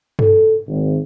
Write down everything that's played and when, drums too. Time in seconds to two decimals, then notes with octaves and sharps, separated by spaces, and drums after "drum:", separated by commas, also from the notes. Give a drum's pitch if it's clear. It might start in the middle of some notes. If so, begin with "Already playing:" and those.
0.19 A4, drum: tom G2
0.67 G#1